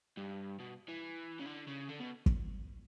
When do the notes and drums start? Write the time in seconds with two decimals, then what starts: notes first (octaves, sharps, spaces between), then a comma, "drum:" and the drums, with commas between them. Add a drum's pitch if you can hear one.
0.17 G2
0.60 B2
0.88 E3
1.39 C#3
1.45 D3
1.67 C#3
1.89 D3
2.00 B2
2.26 drum: kick